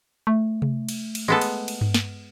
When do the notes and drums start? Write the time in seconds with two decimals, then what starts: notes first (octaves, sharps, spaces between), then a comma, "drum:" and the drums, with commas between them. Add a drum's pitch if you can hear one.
0.27 A3
0.62 drum: tom C3
0.89 drum: cymbal
1.15 drum: cymbal
1.28 G#3 B3 A4
1.41 drum: cymbal
1.68 drum: cymbal
1.81 drum: tom G2
1.94 drum: snare